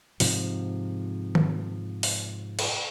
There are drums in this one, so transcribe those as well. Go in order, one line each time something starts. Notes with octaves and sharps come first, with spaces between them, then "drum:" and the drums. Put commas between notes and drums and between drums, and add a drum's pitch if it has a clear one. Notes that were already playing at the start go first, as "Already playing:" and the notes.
G#2 C3 F3, drum: open hi-hat
drum: tom D#3
drum: open hi-hat
drum: cymbal